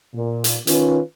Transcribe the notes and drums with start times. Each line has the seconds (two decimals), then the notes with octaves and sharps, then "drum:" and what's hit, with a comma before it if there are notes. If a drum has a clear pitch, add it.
0.15 A#2
0.44 drum: hi-hat
0.67 D#3 C#4 F4 B4, drum: hi-hat